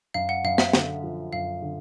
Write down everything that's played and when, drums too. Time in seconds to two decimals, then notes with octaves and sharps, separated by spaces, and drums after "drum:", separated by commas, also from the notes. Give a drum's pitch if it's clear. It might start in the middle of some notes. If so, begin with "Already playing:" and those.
0.14 F#2 F5
0.29 F#5
0.44 F#2 F5
0.58 E5, drum: snare
0.73 D3, drum: snare
1.04 F3
1.33 F#2 F5
1.62 D3